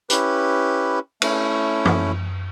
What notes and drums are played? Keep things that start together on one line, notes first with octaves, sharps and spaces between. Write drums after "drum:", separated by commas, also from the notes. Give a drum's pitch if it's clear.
C#4 E4 G4 B4, drum: hi-hat
A3 C#4 E4, drum: cymbal
drum: tom